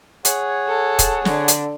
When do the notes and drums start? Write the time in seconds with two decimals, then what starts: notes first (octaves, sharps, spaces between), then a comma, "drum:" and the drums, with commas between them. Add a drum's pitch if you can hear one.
0.25 G#4 C#5 F#5, drum: hi-hat
0.68 A4
0.99 drum: kick, hi-hat
1.25 D3, drum: snare
1.48 drum: hi-hat